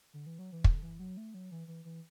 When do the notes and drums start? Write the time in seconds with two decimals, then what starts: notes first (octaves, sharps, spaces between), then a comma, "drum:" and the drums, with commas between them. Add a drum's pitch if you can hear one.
0.14 D3
0.26 E3
0.39 F#3
0.52 E3
0.64 D3, drum: kick
0.82 E3
0.99 F#3
1.17 A3
1.34 F#3
1.51 E3
1.68 E3
1.85 E3